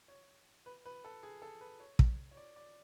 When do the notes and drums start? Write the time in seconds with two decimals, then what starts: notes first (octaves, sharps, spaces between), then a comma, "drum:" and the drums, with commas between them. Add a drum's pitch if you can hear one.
0.08 C#5
0.66 B4
0.85 B4
1.05 A4
1.23 G#4
1.42 A4
1.61 B4
1.80 C#5
1.99 drum: kick
2.31 C#5
2.37 D5
2.56 D5